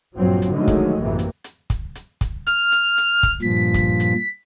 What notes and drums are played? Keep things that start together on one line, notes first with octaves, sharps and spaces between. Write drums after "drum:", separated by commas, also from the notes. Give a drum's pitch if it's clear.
A#1 G2 F3 F#3 C4
drum: hi-hat
D3 D#3 F3 F#3 G#3 A3
drum: kick, hi-hat
A1 F#2 C3 E3 A#3
drum: hi-hat
drum: hi-hat
drum: kick, hi-hat
drum: hi-hat
drum: kick, hi-hat
F6, drum: hi-hat
drum: hi-hat
drum: hi-hat
drum: kick, hi-hat
G2 A#2 F3 B6
drum: kick, hi-hat
drum: hi-hat